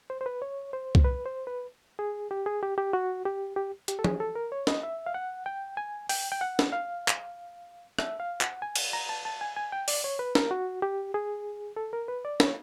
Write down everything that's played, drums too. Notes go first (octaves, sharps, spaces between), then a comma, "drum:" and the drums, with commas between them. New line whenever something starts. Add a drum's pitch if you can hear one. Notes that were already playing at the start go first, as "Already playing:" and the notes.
C5
C5
B4
C#5
C5
drum: kick
B4
C5
B4
G#4
G4
G#4
G4
G4
F#4
G4
G4
G4, drum: hi-hat
A4
G#4, drum: tom
A4
A#4
C#5
D#5, drum: snare
E5
F5
F#5
G5
G#5
G5, drum: open hi-hat
G5
F#5
drum: snare
F5
drum: clap
E5, drum: rim click
F5
F#5, drum: clap
G#5
drum: cymbal
A#5
A5
A5
G#5
G#5
G5
D5, drum: open hi-hat
C#5
B4
A#4, drum: snare
F#4
G4
G#4
A4
A#4
B4
D5
C#5, drum: snare